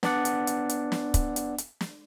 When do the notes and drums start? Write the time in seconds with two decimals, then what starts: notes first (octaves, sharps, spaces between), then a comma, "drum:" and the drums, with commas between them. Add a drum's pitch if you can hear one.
0.03 B3 D4 D5 F#5, drum: snare
0.25 drum: hi-hat
0.47 drum: hi-hat
0.69 drum: hi-hat
0.92 drum: snare
1.14 drum: kick, hi-hat
1.36 drum: hi-hat
1.58 drum: hi-hat
1.81 drum: snare